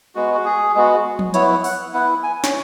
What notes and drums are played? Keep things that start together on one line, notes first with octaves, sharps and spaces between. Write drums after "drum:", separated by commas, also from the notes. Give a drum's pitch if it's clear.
G#3 B3 F#4
F#4
G#4
G#3 B3 F#4
drum: tom F3
B3 E4 C#5, drum: hi-hat
F#5, drum: open hi-hat
B3 E4 F#5
G#5
C#5, drum: snare